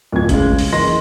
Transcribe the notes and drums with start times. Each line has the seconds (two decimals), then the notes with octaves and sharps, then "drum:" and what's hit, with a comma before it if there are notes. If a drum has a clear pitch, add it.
0.12 D1 F2 G#6
0.29 C#3 G#3, drum: kick, hi-hat
0.59 drum: open hi-hat
0.72 F#1 E3 D#5 C6 A#6